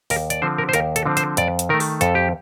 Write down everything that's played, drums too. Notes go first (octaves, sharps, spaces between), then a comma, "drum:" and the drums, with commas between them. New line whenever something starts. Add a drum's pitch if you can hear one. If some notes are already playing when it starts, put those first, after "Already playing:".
D#2 A#4, drum: open hi-hat
D5, drum: hi-hat
D3 F3 C4 C5
A#4
C5
D#2 A#4, drum: hi-hat
A4, drum: hi-hat
D3 F3 C4
C5, drum: hi-hat
F2 D5, drum: hi-hat
drum: hi-hat
D#3 A3 A#4
drum: open hi-hat
F2 A4, drum: hi-hat
G4